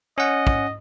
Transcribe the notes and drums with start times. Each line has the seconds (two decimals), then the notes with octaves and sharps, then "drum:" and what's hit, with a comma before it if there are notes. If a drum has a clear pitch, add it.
0.18 C#4 D#5 F#5
0.47 drum: kick